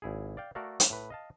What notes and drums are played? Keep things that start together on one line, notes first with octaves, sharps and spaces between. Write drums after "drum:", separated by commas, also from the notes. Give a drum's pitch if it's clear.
G#1 E4 G#4
D5 F5 G5
A3 F#4 A4 A#4 D5 F5
drum: hi-hat
A2 B4
D#5 F5 A5